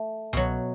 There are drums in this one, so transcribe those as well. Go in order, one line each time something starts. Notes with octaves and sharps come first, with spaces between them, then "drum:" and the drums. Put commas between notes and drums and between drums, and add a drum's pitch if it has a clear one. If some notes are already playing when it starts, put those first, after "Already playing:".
Already playing: A3
B2 F#3, drum: tom C2